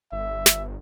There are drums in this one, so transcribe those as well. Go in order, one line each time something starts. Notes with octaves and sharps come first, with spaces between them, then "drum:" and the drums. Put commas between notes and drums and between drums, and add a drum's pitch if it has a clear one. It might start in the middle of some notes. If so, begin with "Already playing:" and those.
G1 E5
drum: snare